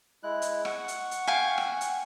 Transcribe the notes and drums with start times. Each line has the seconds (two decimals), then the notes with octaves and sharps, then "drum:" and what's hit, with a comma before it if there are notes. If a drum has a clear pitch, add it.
0.23 G#3 E4 F#6
0.42 drum: hi-hat
0.65 F#5 C#6, drum: rim click
0.88 drum: hi-hat
1.11 drum: hi-hat
1.27 F5 G5 G#5
1.58 drum: rim click
1.81 drum: hi-hat